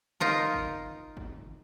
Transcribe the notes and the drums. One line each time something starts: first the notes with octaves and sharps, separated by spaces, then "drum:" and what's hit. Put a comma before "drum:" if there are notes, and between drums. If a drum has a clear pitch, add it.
D#4 F4 A#4
drum: kick G1
drum: kick G1